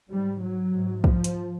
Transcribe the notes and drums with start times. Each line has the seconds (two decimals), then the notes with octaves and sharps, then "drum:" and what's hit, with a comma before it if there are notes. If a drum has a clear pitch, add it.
0.09 G#2 G3
0.41 F#3
0.73 G#2
1.04 F3, drum: kick
1.24 drum: hi-hat